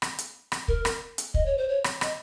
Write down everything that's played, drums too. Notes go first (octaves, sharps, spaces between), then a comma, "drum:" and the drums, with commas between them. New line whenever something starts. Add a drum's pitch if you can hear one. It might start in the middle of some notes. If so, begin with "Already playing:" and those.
drum: rim click
drum: hi-hat
drum: rim click
A#4, drum: kick
drum: rim click
drum: hi-hat
D#5, drum: kick
C#5
C5
C#5
drum: rim click
D#5, drum: rim click